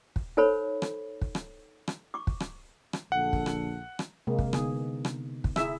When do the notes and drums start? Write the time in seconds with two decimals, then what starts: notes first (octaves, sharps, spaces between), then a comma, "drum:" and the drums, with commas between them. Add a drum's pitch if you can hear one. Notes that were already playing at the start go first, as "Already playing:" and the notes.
0.16 drum: kick
0.37 D#4 A4 C5 C#5 B5
0.82 drum: rim click
1.22 drum: kick
1.35 drum: rim click
1.88 drum: rim click
2.14 C#6 D6
2.27 drum: kick
2.40 drum: rim click
2.93 drum: rim click
3.12 A#1 D3 A4 F#5
3.33 drum: kick
3.46 drum: rim click
3.99 drum: rim click
4.27 C3 G#3 A#3
4.39 drum: kick
4.53 D3 B3 D#4 G#4, drum: rim click
5.05 drum: rim click
5.44 drum: kick
5.56 E4 G#4 E5, drum: rim click